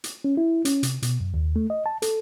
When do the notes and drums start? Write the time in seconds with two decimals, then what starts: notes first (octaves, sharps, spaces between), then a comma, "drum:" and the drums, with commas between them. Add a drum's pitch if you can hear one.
0.04 drum: hi-hat
0.24 C#4
0.37 E4
0.65 C#4, drum: hi-hat
0.83 C3, drum: hi-hat
1.02 B2, drum: hi-hat
1.20 F#2
1.34 D#2
1.56 A3
1.70 D#5
1.86 A5
2.02 A4, drum: hi-hat